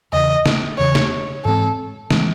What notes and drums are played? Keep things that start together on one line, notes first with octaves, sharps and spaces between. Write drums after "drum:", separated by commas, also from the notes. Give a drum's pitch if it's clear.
E2 C#3 E3 D#5
drum: snare
E2 C#3 E3 C#5
drum: snare
G#2 E3 G#3 C4 A4
E3 G#3 C4, drum: snare